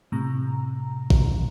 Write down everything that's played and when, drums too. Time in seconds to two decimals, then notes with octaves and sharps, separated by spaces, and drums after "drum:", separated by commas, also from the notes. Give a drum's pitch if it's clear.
0.12 A2 C3 A#5
1.10 drum: kick